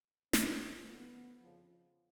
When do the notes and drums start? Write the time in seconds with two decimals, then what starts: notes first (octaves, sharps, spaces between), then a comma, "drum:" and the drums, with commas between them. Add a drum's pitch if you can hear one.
0.33 D2 C#3 F3 C4, drum: snare
0.87 G2 D3 F3 B3
1.41 F2 C#3 F3